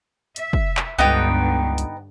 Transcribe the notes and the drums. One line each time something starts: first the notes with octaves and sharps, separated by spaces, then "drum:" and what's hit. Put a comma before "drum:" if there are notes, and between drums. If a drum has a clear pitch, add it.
E5, drum: hi-hat
drum: kick
drum: clap
C#2 G2 D3 B3 D#4 G5
drum: hi-hat